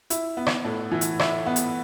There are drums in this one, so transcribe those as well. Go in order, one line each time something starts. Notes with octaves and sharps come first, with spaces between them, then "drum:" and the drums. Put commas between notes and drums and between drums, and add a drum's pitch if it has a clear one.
E4, drum: hi-hat
B3
drum: rim click
A2
E3
drum: hi-hat
E4, drum: rim click
B3
drum: hi-hat